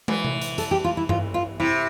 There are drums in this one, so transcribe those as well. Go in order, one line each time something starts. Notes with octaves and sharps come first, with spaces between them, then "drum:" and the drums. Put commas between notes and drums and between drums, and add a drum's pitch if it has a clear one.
E3, drum: tom
drum: tom C3
drum: hi-hat
A4, drum: hi-hat
G4
F4
E4
F4, drum: tom G2
F4
C3 E4